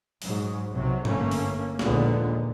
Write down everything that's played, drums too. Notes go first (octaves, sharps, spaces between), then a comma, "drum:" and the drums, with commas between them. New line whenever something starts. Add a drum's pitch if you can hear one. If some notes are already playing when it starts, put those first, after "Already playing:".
G#2 F#3, drum: open hi-hat
B1 C3 F#3
G1 A3 A#3 C#4, drum: tom G#2
drum: open hi-hat
A#1 D#2 A#2 D3 G#3 B3, drum: snare